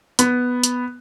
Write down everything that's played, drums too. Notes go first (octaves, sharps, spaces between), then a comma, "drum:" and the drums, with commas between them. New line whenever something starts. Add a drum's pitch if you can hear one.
B3, drum: hi-hat
drum: hi-hat